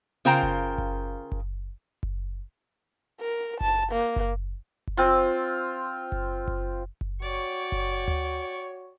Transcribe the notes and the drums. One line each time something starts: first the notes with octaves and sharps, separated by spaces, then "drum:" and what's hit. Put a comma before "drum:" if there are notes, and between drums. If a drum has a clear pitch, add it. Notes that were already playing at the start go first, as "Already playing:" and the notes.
C#3 F4 A#4 C5 G5 A#5
drum: kick F#1
drum: kick F#1
drum: kick F#1
drum: kick F#1
A#4
A5, drum: kick F#1
A#3
drum: kick F#1
drum: kick F#1
C4 F4
drum: kick F#1
drum: kick F#1
drum: kick F#1
F#4 C#5 D5 G5 C#6
drum: kick F#1
drum: tom D2